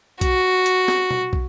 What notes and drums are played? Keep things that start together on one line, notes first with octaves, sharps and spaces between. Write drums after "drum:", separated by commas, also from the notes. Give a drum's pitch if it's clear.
F#4, drum: kick, hi-hat
drum: hi-hat
drum: snare
drum: tom B2
drum: kick